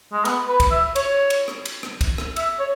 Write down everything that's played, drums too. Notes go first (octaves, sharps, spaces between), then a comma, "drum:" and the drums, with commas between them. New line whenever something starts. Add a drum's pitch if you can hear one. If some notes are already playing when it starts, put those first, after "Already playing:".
G#3
B3, drum: cymbal
B4
drum: kick, cymbal
E5
C#5, drum: cymbal
drum: cymbal
drum: rim click
drum: cymbal
drum: rim click
drum: kick, cymbal
drum: rim click
E5, drum: cymbal
C#5